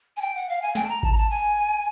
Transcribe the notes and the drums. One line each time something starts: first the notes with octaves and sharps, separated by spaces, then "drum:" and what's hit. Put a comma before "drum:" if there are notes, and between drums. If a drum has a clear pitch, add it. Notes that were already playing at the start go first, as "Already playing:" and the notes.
G#5
G5
F#5
F5
G#5
G5, drum: snare
A5
A#5
A5, drum: kick G#1
A#5
A5
G#5